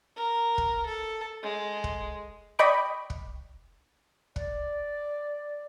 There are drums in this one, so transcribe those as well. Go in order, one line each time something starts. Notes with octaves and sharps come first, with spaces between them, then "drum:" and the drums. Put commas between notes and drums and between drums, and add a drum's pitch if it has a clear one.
A#4
drum: kick
A4
G#3
drum: kick
D5 D#5 G5 B5 C#6 D6
drum: kick
D5, drum: kick